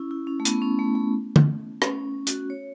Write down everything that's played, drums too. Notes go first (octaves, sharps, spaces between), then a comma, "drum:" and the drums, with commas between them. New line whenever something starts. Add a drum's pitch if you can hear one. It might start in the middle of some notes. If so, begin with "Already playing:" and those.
Already playing: C#4 E4
E4
C#4
A3
B3, drum: hi-hat
C#4
A3
A3
drum: tom
C#4, drum: rim click
F#4, drum: hi-hat
C#5